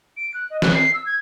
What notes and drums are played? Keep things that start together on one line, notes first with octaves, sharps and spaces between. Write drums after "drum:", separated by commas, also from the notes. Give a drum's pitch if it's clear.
D7
F#6
D#5
F#6, drum: snare
C7
E6
G#6